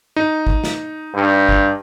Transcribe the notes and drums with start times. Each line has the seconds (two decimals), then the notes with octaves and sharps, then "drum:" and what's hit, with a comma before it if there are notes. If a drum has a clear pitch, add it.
0.16 D#4
0.47 drum: kick
0.64 drum: snare
1.15 G2
1.49 drum: kick